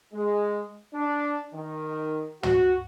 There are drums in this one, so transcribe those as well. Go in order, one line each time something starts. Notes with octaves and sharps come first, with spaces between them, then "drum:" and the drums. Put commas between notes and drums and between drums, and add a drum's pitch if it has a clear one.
G#3
D4
D#3
F#4, drum: tom